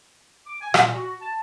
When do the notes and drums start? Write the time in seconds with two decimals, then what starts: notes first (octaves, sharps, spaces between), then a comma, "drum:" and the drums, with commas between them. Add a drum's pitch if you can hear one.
0.47 D6
0.61 G#5
0.74 A#2, drum: rim click
0.94 F#4
1.21 A5